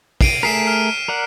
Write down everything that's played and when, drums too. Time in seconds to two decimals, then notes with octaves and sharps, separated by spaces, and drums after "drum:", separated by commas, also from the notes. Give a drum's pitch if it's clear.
0.21 C7 D7 D#7, drum: kick, open hi-hat
0.43 A3 G#4 A#4 B6 C7 E7
0.67 F6
1.08 A#4 D5 F#5